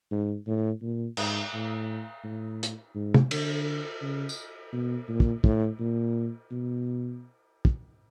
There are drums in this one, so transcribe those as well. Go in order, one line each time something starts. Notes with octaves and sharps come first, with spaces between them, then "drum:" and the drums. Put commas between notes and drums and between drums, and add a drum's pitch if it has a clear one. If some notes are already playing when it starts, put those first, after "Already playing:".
G#2
A2
A#2
G#2, drum: cymbal
A2
A2
drum: hi-hat
G#2
drum: tom
D3, drum: cymbal
C#3
drum: tambourine
B2
A#2
drum: kick
A2, drum: kick
A#2
B2
drum: kick